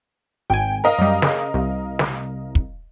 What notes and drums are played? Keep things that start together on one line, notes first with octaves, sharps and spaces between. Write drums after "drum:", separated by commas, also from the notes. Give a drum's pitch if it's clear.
G#1 G5 G#5
A#4 D#5 F5
F#2 G3
C#3, drum: snare
C2
drum: snare
drum: kick